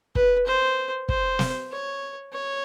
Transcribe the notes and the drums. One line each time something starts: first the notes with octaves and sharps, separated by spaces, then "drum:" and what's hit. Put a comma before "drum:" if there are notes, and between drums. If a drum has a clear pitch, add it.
B4, drum: kick
C5
C5, drum: kick
drum: snare
C#5
C#5